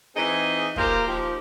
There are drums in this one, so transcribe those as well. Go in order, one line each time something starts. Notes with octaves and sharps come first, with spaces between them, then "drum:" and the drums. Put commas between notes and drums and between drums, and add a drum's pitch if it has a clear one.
E3 C4 D#4 G#4
A#3 F4 G4 A#4 C5, drum: kick
F3 D#4 G4